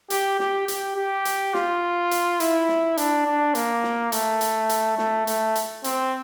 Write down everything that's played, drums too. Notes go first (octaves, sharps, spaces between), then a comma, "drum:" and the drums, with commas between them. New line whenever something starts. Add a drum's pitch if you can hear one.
G4, drum: hi-hat
G4, drum: snare
G4, drum: hi-hat
G4
drum: hi-hat
F4, drum: snare
drum: hi-hat
E4, drum: hi-hat
drum: snare
D4, drum: hi-hat
D4
A#3, drum: hi-hat
drum: snare
A3, drum: hi-hat
drum: hi-hat
drum: hi-hat
A3, drum: snare
A3, drum: hi-hat
drum: hi-hat
C4, drum: hi-hat